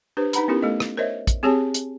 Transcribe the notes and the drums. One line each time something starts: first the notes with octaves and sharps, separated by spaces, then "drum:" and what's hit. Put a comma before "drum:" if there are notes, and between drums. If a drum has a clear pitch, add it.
D4 G4 B4 C5
D#4 B4 F#5 A#5 B5, drum: hi-hat
B3 C#4 E4 G4 A#4
A3 B3 A4 D#5
drum: rim click
A#4 C5 C#5 D#5 E5
drum: kick, hi-hat
C4 G4 G#4 C#5 G#5 A5
drum: hi-hat